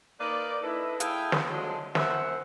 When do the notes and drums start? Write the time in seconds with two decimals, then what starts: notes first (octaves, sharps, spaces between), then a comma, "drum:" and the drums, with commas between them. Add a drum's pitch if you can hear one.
0.20 A#3 D#4 B4 D5
0.63 D4 E4 A4 B4 D#5 E5
1.00 A3 E4 G#4 F5 G5, drum: hi-hat
1.32 drum: snare
1.50 D3 F3 F#3 G#3
1.95 F#2 C5 E5 F#5, drum: snare